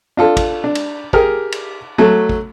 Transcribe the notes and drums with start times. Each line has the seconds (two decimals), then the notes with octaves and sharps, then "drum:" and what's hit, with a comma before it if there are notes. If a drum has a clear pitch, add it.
0.17 D4 F4 A4
0.37 drum: kick, cymbal
0.64 D4
0.75 drum: cymbal
1.13 G4 G#4 A#4 F6, drum: kick
1.52 drum: cymbal
1.98 F#3 A3 A4
2.29 drum: kick